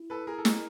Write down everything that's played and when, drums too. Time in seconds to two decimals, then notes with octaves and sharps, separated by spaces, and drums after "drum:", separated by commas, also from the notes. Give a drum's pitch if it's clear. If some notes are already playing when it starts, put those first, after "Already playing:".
Already playing: E4
0.10 A4 B4
0.27 G#4 A#4
0.38 A4
0.45 G#4 A#4, drum: snare